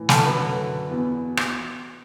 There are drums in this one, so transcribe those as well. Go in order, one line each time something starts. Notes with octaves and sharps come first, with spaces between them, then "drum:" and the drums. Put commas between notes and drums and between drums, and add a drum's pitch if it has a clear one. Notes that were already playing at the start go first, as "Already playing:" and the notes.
Already playing: A2 E3
A4 A5, drum: snare
F#2 D3 B4 B5
E2 B2
drum: rim click